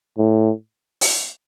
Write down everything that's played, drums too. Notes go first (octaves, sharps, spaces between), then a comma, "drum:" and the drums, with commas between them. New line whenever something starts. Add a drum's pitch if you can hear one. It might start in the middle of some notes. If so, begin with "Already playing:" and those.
A2
drum: open hi-hat